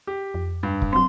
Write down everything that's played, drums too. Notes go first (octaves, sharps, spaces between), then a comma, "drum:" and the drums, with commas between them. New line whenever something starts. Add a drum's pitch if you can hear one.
G4
F2
G2
drum: kick
F#3 C4 C6